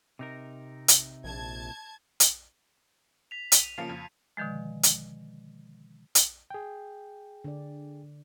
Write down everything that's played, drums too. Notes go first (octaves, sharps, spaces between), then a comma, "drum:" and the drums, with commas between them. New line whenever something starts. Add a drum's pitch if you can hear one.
C3 D#4 A#4
drum: hi-hat
A#1 A5 G#6
drum: hi-hat
B6 F7
D#7, drum: hi-hat
C#3 F3 A#3 C7 C#7
F2
B2 D3 D#3 F3 G#3
drum: hi-hat
drum: hi-hat
G#4 G5
D3 D4 D5